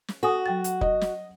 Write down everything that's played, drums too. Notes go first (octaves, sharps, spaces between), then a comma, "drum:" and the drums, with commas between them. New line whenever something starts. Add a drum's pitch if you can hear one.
drum: snare
F#4 A4 G#5 D#6
F#3 G5 A6
drum: hi-hat
D#5, drum: kick
drum: snare